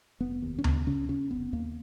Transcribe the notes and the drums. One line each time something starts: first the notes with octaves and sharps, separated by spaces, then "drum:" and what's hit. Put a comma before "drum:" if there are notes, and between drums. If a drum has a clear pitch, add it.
F1 B3
D#2
C#4
C#3 B3, drum: tom D2
C#3 C#4
C#3 C#4
F1 B3
D#2 A#3